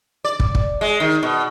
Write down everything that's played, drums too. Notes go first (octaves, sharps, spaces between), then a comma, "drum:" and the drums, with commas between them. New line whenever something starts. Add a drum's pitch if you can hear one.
D5
drum: kick
drum: kick
G#3
D#3
B2